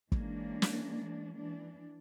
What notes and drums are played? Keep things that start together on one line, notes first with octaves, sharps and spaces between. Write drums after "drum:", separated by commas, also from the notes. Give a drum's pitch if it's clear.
E3 G#3 A#3 C#4 D4, drum: kick
drum: snare
E3 D4